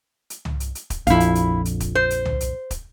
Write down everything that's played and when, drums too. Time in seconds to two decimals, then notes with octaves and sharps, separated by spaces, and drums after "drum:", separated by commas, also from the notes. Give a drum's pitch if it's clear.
0.30 drum: hi-hat
0.45 drum: tom
0.60 drum: hi-hat
0.75 drum: hi-hat
0.90 drum: kick, hi-hat
1.07 A#1 F2 E4 F5, drum: hi-hat
1.20 drum: hi-hat
1.35 drum: hi-hat
1.65 drum: hi-hat
1.80 drum: kick, hi-hat
1.95 C5
2.10 drum: hi-hat
2.25 drum: tom
2.40 drum: hi-hat
2.71 drum: kick, hi-hat